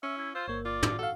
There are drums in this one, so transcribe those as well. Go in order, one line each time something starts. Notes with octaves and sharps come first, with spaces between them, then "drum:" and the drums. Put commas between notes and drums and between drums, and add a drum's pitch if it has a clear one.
C#4 E5
E4
F4 C5 E6 G6
G1 A#3 C#5
F4 D5
drum: tom
F#4 A4 F5